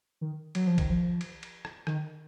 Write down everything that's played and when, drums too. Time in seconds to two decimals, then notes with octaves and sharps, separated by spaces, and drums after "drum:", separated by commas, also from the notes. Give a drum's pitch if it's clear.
0.21 D#3
0.55 F#3, drum: cymbal
0.67 F3
0.78 D#3, drum: kick A#1, cymbal
0.90 F3
1.21 drum: cymbal
1.43 drum: cymbal
1.65 drum: rim click
1.87 D#3, drum: rim click